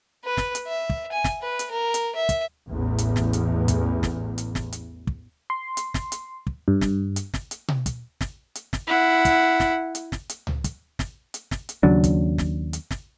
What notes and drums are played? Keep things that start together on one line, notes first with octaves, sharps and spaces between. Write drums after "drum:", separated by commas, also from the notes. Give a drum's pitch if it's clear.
B4
drum: snare
drum: hi-hat
E5
drum: kick
G#5
drum: snare
B4
drum: hi-hat
A#4
drum: hi-hat
E5
drum: kick, hi-hat
A1 E2
drum: hi-hat
drum: snare
drum: hi-hat
drum: kick, hi-hat
drum: snare
drum: hi-hat
drum: snare
drum: hi-hat
drum: kick
C6
drum: hi-hat
drum: snare
drum: hi-hat
drum: kick
G2
drum: snare
drum: hi-hat
drum: snare
drum: hi-hat
drum: tom B2
drum: kick, hi-hat
drum: snare
drum: hi-hat
drum: snare
E4 F#5
drum: kick, hi-hat
drum: snare
drum: hi-hat
drum: snare
drum: hi-hat
drum: tom C#2
drum: kick, hi-hat
drum: snare
drum: hi-hat
drum: snare
drum: hi-hat
D#2 C#3 F#3 D4
drum: kick, hi-hat
drum: snare
drum: hi-hat
drum: snare